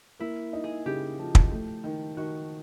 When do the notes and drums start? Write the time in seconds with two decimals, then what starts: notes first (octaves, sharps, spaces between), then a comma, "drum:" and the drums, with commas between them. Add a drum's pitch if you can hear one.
0.20 A#3 E4
0.53 D#4
0.64 G#4
0.86 C#3 G4
1.19 F3
1.35 drum: kick
1.51 A3
1.84 D#3
2.17 D#3 F#4